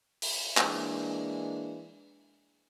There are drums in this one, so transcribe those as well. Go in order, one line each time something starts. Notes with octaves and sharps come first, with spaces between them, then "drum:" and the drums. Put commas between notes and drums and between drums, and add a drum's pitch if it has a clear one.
drum: open hi-hat
E3 G#3 A#3 D4, drum: clap